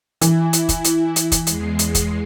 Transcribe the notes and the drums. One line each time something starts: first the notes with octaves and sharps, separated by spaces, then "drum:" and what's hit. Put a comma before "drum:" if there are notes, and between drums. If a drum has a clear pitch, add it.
E3 E4, drum: hi-hat
drum: hi-hat
drum: kick, hi-hat
drum: hi-hat
drum: hi-hat
drum: kick, hi-hat
E2 G#3 C7, drum: hi-hat
drum: hi-hat
drum: kick, hi-hat